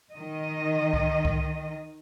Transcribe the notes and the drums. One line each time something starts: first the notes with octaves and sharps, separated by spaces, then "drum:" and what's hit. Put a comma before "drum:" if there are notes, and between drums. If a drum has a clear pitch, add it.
D#3 D#5
drum: kick C2
drum: kick C2